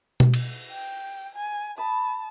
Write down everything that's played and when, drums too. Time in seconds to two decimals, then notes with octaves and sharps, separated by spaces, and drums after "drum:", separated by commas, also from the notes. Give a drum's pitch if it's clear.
0.20 drum: tom B2
0.34 drum: cymbal
0.71 G5
1.35 G#5
1.78 A5 B5 D#6